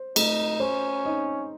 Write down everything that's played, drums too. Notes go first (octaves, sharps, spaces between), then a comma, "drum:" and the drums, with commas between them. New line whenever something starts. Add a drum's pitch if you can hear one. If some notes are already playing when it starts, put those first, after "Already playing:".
Already playing: C5
A3 D#4, drum: cymbal
C#4 C5
D#4